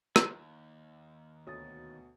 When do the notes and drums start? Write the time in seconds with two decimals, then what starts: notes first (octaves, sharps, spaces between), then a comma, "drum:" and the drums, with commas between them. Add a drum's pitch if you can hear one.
0.16 D#2, drum: rim click
1.47 D2 B2 C#5 D#6 A6